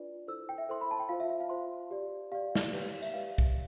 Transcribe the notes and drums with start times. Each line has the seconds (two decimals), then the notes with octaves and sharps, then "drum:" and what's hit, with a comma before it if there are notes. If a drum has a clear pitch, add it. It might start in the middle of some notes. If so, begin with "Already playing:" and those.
Already playing: D4 F4 B4 D5
0.27 E4 A4 C5 E6
0.49 G5
0.58 E5
0.69 E4 A4 C5 C6
0.81 B5
0.91 A5
1.00 G5
1.09 F4 C5 F5
1.20 E5
1.30 E5
1.40 F5
1.50 F4 C5 C6
1.91 G4 D5
2.32 G4 D5 F5
2.55 drum: snare
2.73 G4 B4 D5, drum: cymbal
3.02 E5, drum: tambourine
3.14 G4 B4 D5 F5
3.38 drum: kick